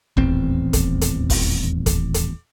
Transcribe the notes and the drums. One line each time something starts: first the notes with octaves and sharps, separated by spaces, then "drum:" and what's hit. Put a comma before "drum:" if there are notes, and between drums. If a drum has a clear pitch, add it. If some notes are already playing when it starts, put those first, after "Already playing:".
D#1 A1 E2 C4, drum: kick
drum: kick, hi-hat
drum: hi-hat
drum: kick, open hi-hat
drum: kick, hi-hat
drum: hi-hat